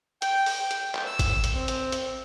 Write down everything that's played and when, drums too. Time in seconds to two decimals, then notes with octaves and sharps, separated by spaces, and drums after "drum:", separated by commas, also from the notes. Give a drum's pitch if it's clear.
0.22 G5, drum: hi-hat
0.46 drum: open hi-hat
0.56 G5
0.71 drum: hi-hat
0.95 drum: clap
1.06 E6
1.19 drum: kick, hi-hat
1.44 drum: hi-hat
1.54 C4
1.68 drum: hi-hat
1.92 drum: hi-hat